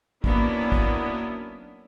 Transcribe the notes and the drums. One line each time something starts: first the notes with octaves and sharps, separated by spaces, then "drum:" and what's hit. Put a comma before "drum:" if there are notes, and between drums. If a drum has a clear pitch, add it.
F#3 A#3 B3 C#4 D4 E4, drum: kick
drum: kick